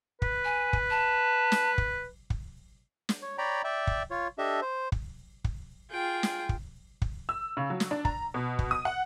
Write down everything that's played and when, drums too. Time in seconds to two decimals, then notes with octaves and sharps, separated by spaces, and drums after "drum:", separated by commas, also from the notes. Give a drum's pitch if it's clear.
0.22 B4, drum: kick
0.45 G#5
0.73 drum: kick
0.90 A5
1.52 drum: snare
1.78 drum: kick
2.30 drum: kick
3.09 drum: snare
3.22 C#5
3.38 C#5 D5 G5 A#5 B5
3.64 D5 E5 G5
3.87 drum: kick
4.11 F4 C#5
4.38 D4 G4 A4 D#5 E5
4.62 C5
4.92 drum: kick
5.44 drum: kick
5.91 F4 G#4 G5
6.23 drum: snare
6.49 drum: kick
7.02 drum: kick
7.29 E6
7.57 C#3
7.70 F#3
7.80 drum: snare
7.91 D4
8.05 A#5, drum: kick
8.34 B2
8.59 drum: kick
8.71 D#6
8.85 F#5